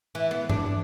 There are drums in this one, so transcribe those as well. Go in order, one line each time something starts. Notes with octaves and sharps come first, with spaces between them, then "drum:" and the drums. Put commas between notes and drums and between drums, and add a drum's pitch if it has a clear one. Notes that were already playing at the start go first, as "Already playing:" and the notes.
E3
B3
D4, drum: tom G2